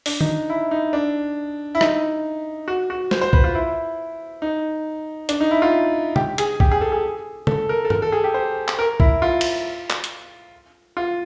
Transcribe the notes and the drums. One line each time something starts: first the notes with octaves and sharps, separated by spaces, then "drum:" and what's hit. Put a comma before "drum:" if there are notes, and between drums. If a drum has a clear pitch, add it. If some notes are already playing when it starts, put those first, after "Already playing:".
D4, drum: open hi-hat
D#4, drum: tom D#3
E4
D#4
D4
E4
D#4, drum: rim click
F#4
F#4
C5, drum: snare
C5
B4, drum: kick
F4
E4
D#4
D4, drum: hi-hat
D#4
E4
F4
G4, drum: tom
G#4, drum: hi-hat
G4, drum: kick
G#4
A4
G#4
A4, drum: tom
A#4
A4
A#4, drum: tom G2
A4
G#4
G4
C5
drum: clap
A#4
E4, drum: kick
F4
drum: cymbal
drum: clap
drum: hi-hat
F4